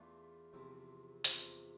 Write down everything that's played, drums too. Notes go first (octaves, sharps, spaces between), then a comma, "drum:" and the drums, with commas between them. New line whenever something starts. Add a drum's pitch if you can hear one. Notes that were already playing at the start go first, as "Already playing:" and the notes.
Already playing: E2 E3 A3 D4 F4
E2 C3 F3 C4 E4
E2 C3 F3 C4 E4, drum: hi-hat